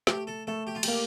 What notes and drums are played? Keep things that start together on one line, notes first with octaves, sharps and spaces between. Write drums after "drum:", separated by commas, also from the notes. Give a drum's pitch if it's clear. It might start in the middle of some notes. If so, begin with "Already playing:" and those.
A3 G4, drum: snare
A4
A3 A4
G4
F4
A#3 G4, drum: cymbal